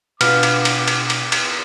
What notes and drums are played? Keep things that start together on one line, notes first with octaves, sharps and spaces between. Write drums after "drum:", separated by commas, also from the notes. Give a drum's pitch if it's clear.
B2 D4 F4 B4 F#5 D6 F6, drum: cymbal
drum: cymbal
drum: cymbal
drum: cymbal
drum: cymbal
drum: cymbal